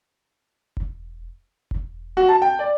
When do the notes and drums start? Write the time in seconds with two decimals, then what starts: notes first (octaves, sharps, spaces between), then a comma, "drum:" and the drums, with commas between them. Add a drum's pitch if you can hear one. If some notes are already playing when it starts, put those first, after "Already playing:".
0.77 drum: kick E1
1.71 drum: kick E1
2.17 F#4
2.29 A5
2.42 G5
2.59 D5